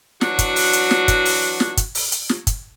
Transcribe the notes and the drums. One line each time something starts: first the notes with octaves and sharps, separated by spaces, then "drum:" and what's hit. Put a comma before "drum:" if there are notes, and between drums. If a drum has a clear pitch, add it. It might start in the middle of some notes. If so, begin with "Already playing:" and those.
E3 F#3 D4 F#4, drum: snare
drum: kick, hi-hat
drum: open hi-hat
drum: hi-hat
drum: snare
drum: kick, hi-hat
drum: open hi-hat
drum: snare
drum: kick, hi-hat
drum: open hi-hat
drum: hi-hat
drum: snare
drum: kick, hi-hat